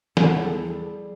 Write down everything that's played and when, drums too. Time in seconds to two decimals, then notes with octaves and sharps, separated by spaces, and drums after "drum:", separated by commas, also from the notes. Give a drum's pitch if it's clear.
0.17 E2 F3 G3 G#4 A4 F#5, drum: snare